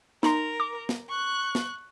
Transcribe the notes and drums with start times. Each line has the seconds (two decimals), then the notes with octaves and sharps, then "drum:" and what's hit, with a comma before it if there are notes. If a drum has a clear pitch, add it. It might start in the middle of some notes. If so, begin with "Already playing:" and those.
0.23 D#4 A#4 A#5 C6, drum: snare
0.60 D6
0.89 drum: snare
1.09 C#6 F#6
1.55 drum: snare